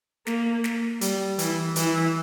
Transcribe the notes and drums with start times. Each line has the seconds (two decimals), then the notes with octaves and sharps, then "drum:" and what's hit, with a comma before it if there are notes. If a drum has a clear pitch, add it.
0.27 A#3, drum: snare
0.64 drum: snare
1.01 G3, drum: hi-hat
1.39 E3, drum: hi-hat
1.76 E3, drum: hi-hat